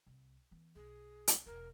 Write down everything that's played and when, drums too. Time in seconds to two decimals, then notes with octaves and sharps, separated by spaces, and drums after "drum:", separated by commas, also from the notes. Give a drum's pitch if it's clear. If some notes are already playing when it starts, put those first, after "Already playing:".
0.07 C2
0.51 E3 B3
0.76 B1 G#4
1.28 drum: hi-hat
1.46 E1 B2 A#4